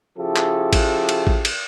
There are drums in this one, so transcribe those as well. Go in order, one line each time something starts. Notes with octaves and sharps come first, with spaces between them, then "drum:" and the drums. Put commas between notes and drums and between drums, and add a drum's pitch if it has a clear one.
C#3 F3 E4 G4 A4
drum: clap
drum: kick A1, cymbal
drum: cymbal
drum: kick A1
drum: cymbal